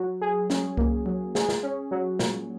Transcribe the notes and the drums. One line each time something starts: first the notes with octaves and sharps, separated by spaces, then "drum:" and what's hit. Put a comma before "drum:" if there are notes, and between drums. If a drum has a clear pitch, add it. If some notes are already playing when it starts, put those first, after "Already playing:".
Already playing: F#3
G#4
C#4, drum: snare
A#3, drum: kick C2
F#3
G#4, drum: snare
drum: snare
C#4
F#3
A#2, drum: snare